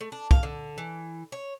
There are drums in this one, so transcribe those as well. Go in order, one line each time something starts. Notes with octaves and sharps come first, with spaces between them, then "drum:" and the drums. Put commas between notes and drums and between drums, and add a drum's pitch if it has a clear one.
A3
D4
F5, drum: kick
D3
E3
C#5